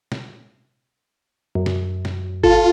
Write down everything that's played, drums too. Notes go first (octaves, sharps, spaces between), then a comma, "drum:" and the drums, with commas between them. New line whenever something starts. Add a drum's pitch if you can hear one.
drum: snare
F#2
drum: snare
drum: snare
F4 A4, drum: kick G1